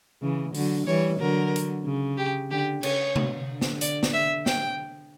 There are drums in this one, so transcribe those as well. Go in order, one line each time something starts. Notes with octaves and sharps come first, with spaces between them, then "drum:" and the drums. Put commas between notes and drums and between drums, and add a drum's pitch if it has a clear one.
C#3 E3
D3 F#3, drum: open hi-hat
E3 G3 C#5
D3 F#3 A#4
drum: hi-hat
C#3
G4
D3 G4
C#3 C#5, drum: cymbal
B2, drum: tom C3
D3
drum: snare
D5, drum: hi-hat
drum: snare
E5
G5, drum: snare